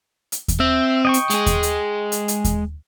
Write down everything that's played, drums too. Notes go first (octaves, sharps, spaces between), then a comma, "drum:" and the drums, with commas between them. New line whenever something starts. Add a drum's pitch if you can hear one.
drum: hi-hat
drum: kick D#2, hi-hat
C4 E5
D#5 G5 C#6
drum: hi-hat
G#3 G#4, drum: hi-hat
drum: kick D#2, hi-hat
drum: hi-hat
drum: hi-hat
drum: hi-hat
drum: kick D#2, hi-hat